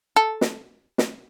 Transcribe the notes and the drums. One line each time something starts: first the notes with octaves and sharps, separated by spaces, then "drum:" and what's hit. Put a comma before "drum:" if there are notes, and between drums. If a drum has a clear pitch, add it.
A4
drum: snare
drum: snare